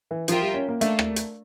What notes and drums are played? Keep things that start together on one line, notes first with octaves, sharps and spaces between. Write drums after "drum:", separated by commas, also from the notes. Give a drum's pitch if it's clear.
E3
F3 F4 A#4 E5 G5, drum: hi-hat
G3
C#4
A#3
A3 A#3 D4 A4, drum: hi-hat
drum: rim click
drum: hi-hat